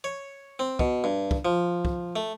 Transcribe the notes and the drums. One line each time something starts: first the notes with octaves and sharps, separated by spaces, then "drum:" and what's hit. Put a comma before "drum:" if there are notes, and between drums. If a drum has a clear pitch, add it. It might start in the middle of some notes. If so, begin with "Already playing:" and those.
C#5
C4
B2, drum: kick
G2
drum: kick
F3
drum: kick
A3